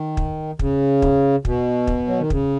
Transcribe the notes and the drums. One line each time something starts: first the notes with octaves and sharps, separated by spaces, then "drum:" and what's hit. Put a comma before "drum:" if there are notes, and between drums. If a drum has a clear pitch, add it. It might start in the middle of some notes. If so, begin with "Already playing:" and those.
Already playing: D#3
drum: kick
C#3, drum: kick
drum: kick
B2, drum: kick
drum: kick
F#3
D#3
C#3, drum: kick